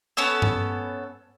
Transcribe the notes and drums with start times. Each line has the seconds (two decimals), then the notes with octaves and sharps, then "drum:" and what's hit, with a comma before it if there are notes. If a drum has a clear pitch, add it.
0.17 B3 C#4 A4 E6
0.42 drum: tom G2